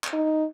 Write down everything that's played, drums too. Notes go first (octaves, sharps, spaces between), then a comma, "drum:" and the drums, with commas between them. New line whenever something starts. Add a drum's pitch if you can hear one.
drum: clap
D#4